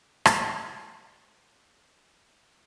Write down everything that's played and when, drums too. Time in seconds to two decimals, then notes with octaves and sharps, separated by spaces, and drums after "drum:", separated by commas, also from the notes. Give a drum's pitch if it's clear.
0.25 drum: rim click
0.86 D4
1.13 E4
1.31 A4
1.40 B4
1.68 E4
1.95 D4
2.21 E4
2.49 E4